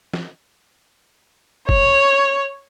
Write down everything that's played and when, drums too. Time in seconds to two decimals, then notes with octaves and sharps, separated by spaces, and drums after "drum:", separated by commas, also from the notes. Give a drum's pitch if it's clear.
0.13 drum: snare
1.69 C#5, drum: kick